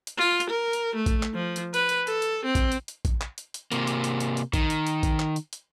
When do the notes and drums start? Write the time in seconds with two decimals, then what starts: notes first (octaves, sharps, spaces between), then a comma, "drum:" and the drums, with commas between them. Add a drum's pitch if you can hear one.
0.07 drum: hi-hat
0.18 F4
0.40 drum: hi-hat
0.50 A#4
0.73 drum: hi-hat
0.95 A3
1.06 drum: kick, hi-hat
1.23 drum: clap
1.34 F3
1.56 drum: hi-hat
1.74 B4, drum: hi-hat
1.89 drum: hi-hat
2.07 A4, drum: hi-hat
2.22 drum: hi-hat
2.45 C4
2.55 drum: kick, hi-hat
2.72 drum: hi-hat
2.88 drum: hi-hat
3.05 drum: kick, hi-hat
3.21 drum: clap
3.38 drum: hi-hat
3.54 drum: hi-hat
3.72 C3 A#3, drum: hi-hat
3.87 drum: hi-hat
4.04 drum: hi-hat
4.20 drum: hi-hat
4.37 drum: hi-hat
4.54 D#3, drum: kick, hi-hat
4.70 drum: hi-hat
4.87 drum: hi-hat
5.03 drum: kick, hi-hat
5.20 drum: clap
5.36 drum: hi-hat
5.53 drum: hi-hat